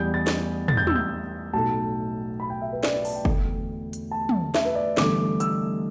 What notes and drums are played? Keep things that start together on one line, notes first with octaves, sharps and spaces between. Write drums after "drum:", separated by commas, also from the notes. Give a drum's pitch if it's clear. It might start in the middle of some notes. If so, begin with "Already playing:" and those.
Already playing: E2 E3 G3 G6
A6
drum: snare
A6, drum: tom
G6
E6, drum: tom
G6
B1 A2 A3 A5
B5
G5
E5
B4
D5, drum: snare
A5, drum: open hi-hat
G5
E2 D3 A3, drum: kick
drum: hi-hat
A5
drum: tom
E5, drum: snare
B4
D5
G1 G2 E3 A3 D6, drum: snare
E6, drum: hi-hat